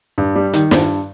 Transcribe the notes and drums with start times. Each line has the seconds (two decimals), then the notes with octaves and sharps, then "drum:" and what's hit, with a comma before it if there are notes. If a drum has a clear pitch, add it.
0.18 G2
0.36 G3
0.53 D#3, drum: hi-hat
0.71 G2, drum: snare